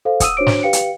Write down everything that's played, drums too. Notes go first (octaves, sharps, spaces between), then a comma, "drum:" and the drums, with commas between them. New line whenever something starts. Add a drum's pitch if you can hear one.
A4 C5 F5
F#5 D#6 E6 D#7, drum: kick, hi-hat
D4 F#4 C5 C#5 D6 D7
drum: snare
G4 B4 F5 G5 C#7
drum: hi-hat